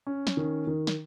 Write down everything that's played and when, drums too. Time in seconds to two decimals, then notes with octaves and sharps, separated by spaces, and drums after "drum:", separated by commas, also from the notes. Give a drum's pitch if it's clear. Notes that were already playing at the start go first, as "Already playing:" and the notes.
0.07 C#4
0.27 drum: snare
0.37 D#3
0.67 D#3
0.87 drum: snare